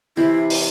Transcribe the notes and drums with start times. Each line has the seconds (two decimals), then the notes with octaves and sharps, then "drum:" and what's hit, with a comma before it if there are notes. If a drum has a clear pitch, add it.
0.17 C3 E3 C4 E4
0.50 drum: open hi-hat